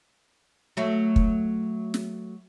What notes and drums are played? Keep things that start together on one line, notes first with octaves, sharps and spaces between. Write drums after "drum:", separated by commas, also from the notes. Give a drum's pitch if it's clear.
F#3 A3
drum: kick
drum: snare